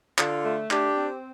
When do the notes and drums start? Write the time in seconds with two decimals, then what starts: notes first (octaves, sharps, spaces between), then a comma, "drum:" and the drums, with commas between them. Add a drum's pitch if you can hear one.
0.18 D3 F4, drum: clap
0.45 A3
0.71 D4 G4, drum: clap
0.97 C4